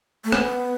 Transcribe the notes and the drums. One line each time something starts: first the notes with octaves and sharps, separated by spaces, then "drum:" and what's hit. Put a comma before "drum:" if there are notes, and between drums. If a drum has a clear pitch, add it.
A3
B3, drum: rim click